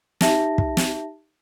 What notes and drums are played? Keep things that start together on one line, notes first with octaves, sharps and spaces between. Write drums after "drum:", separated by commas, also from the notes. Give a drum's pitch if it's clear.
D#4 G4 E5 A5 A#6, drum: snare
drum: kick
drum: snare